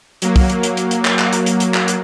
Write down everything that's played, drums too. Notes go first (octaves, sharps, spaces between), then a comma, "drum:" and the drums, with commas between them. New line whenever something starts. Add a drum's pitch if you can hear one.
F#3 A#3, drum: hi-hat
drum: kick, open hi-hat
drum: hi-hat
drum: hi-hat
drum: hi-hat
drum: hi-hat
drum: clap
drum: clap
drum: hi-hat
drum: hi-hat
drum: hi-hat
drum: clap
drum: hi-hat